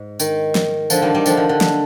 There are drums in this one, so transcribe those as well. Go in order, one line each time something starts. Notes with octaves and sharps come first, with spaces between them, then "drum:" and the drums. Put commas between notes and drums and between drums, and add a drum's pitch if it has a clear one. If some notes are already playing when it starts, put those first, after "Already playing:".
Already playing: G#2
D#3, drum: tambourine
drum: snare
D3 F3, drum: tambourine
D#3 G3
D#3 G3
D3 F3, drum: tambourine
D#3
D3
drum: snare